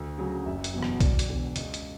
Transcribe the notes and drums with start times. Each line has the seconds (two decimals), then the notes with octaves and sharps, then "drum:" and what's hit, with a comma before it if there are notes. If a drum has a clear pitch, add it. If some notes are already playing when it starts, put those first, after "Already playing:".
Already playing: D2
0.18 C#3 F#3
0.46 F#1 E5
0.64 drum: hi-hat
0.73 E2 B2 F#3
0.82 drum: rim click
1.00 E1 D5, drum: kick, hi-hat
1.19 drum: hi-hat
1.28 E2 D3
1.56 C#2, drum: hi-hat
1.74 drum: hi-hat